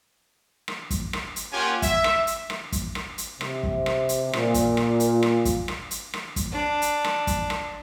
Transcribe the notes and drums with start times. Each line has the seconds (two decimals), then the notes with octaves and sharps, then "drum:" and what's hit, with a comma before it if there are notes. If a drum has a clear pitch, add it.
0.68 drum: rim click
0.90 drum: kick, hi-hat
1.13 drum: rim click
1.36 drum: hi-hat
1.53 A#3 C#4 F4 G4 F#5 G#5
1.82 E5, drum: kick, hi-hat
2.04 drum: rim click
2.27 drum: hi-hat
2.50 drum: rim click
2.72 drum: kick, hi-hat
2.95 drum: rim click
3.18 drum: hi-hat
3.41 C3, drum: rim click
3.63 drum: kick
3.86 drum: rim click
4.09 drum: hi-hat
4.33 A#2, drum: rim click
4.54 drum: kick, hi-hat
4.77 drum: rim click
5.00 drum: hi-hat
5.23 drum: rim click
5.45 drum: kick, hi-hat
5.68 drum: rim click
5.91 drum: hi-hat
6.13 drum: rim click
6.36 drum: kick, hi-hat
6.52 D4
6.82 drum: hi-hat
7.04 drum: rim click
7.27 drum: kick, hi-hat
7.50 drum: rim click